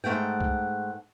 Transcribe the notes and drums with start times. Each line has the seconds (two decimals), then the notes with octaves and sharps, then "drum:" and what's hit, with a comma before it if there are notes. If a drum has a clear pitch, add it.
0.04 G#2 E3 A3 F#5 G5
0.40 drum: kick C2